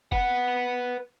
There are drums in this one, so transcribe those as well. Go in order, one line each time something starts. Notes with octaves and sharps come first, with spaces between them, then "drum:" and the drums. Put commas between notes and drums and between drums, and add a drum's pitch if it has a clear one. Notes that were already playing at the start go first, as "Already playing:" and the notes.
B4 F#5, drum: kick